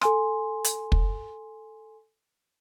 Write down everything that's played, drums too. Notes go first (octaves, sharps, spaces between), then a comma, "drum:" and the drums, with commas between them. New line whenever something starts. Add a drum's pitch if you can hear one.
A4 G#5 C6, drum: rim click
drum: hi-hat
drum: kick